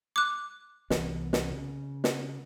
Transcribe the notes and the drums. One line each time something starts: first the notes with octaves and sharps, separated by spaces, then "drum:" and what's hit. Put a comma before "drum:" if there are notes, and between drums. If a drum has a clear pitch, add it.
D6 F#6
C2 E3 B3, drum: snare
drum: snare
C#3
drum: snare